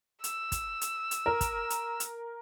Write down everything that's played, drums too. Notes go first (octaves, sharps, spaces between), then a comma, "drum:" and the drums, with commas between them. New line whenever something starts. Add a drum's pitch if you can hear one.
E6, drum: hi-hat
drum: kick, hi-hat
drum: hi-hat
drum: hi-hat
A#4
drum: kick, hi-hat
drum: hi-hat
drum: hi-hat